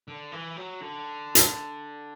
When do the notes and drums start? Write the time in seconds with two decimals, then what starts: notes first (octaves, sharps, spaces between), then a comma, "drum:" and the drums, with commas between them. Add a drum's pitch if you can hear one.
0.08 D3
0.32 E3
0.56 F#3
0.81 D3
1.35 drum: hi-hat